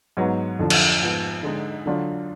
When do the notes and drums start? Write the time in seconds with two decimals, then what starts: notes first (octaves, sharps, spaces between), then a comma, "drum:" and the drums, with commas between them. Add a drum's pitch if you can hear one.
0.17 G#2 F#3 B3
0.59 F2 D3 F3
0.70 drum: cymbal
1.02 G#2 F3 B3
1.43 D3 G#3 D#4
1.86 D3 F#3 D4 F4